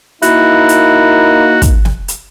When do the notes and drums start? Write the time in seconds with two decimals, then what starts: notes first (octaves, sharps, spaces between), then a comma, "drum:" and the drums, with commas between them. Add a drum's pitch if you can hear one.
0.22 A#3 D#4 E4 F#4, drum: hi-hat
0.69 drum: hi-hat
1.62 drum: kick, hi-hat
1.85 drum: snare
2.08 drum: hi-hat